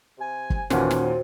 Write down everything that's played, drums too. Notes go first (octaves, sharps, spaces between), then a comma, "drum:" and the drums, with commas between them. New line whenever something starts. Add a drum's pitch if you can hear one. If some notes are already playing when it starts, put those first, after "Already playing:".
C3 G#5
drum: kick
D#2 A#2 E3 C#4 F#4 C5 F#5, drum: snare
drum: snare
F#3 C4 F4